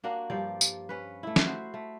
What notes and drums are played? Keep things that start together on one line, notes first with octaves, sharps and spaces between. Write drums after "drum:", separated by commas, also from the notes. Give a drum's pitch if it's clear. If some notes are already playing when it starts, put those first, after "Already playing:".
A#3 D4 F#4 A#4
G2 F3 G4 D5
drum: tambourine
C#4 B4
A3 E4
drum: snare
F#4 C5
A3